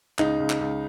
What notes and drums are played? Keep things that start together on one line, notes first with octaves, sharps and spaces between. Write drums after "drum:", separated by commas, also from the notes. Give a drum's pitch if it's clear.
C#2 D#4, drum: clap
C#2
drum: clap
C#2